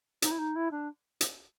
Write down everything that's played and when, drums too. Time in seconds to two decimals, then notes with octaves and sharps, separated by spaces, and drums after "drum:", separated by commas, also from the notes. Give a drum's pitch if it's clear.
0.22 D#4, drum: hi-hat
0.31 E4
0.38 D#4
0.55 E4
0.71 D4
1.21 drum: hi-hat